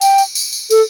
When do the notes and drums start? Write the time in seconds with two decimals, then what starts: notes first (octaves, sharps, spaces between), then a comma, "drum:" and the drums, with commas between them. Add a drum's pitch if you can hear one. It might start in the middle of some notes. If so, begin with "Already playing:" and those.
0.01 G5, drum: tambourine
0.18 drum: tambourine
0.35 drum: tambourine
0.53 drum: tambourine
0.70 A4, drum: tambourine